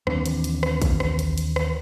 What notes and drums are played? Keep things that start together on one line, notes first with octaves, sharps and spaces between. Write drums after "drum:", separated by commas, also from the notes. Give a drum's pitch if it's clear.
D#2 E3 C4 D4, drum: rim click
drum: hi-hat
drum: hi-hat
drum: rim click
drum: kick, hi-hat
drum: rim click
drum: hi-hat
drum: hi-hat
drum: rim click